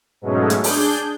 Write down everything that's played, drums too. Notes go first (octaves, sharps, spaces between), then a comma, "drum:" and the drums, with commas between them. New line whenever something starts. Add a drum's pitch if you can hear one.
G#2 B2 F#3 G#3 A3 C#4
drum: hi-hat
D4 G#4 G6, drum: open hi-hat